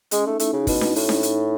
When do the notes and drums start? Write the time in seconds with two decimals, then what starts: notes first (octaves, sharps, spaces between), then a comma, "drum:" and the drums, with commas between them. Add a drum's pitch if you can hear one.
0.11 G#3 C#4, drum: hi-hat
0.26 A3 D#4
0.39 A3 E4, drum: hi-hat
0.53 C#3 D#4 F#4
0.67 B2 E4, drum: kick, open hi-hat
0.81 E4, drum: snare D4
0.96 A2 E4, drum: open hi-hat
1.09 C#4, drum: snare D4
1.23 D#4, drum: hi-hat
1.42 E4